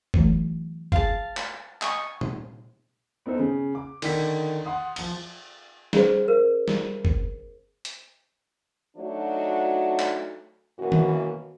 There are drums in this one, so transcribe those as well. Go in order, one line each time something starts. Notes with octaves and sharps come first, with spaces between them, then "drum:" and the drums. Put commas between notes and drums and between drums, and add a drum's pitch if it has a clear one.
E3 F#3 A3, drum: kick F#1
F4 G#4 F5 A5, drum: kick F#1
drum: clap
D#5 G#5 C#6, drum: clap
drum: tom A#2
B3 C4 D#4 A4 C5
C#3
D6
D3 D#3 B6, drum: cymbal
F#5 C6 D#6
F3 G7, drum: cymbal
C#4 G#4 B4 C5, drum: snare
A#4 C5
drum: snare
drum: kick F#1
drum: hi-hat
F#3 A3 D4 D#4 F#4
drum: clap
F#2 B2 E3 A#3 F#4
drum: tom D#3